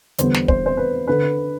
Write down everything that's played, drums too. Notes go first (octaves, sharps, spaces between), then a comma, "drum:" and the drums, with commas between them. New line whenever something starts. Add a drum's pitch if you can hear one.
E2 D3 G3 B3 C5, drum: hi-hat
drum: snare
C5, drum: kick
C5
B4
D3 B4